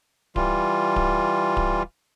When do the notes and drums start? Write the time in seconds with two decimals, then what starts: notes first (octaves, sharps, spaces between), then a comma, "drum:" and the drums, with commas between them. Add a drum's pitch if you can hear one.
0.36 E3 G3 F4, drum: kick D1
0.96 drum: kick D1
1.57 drum: kick D1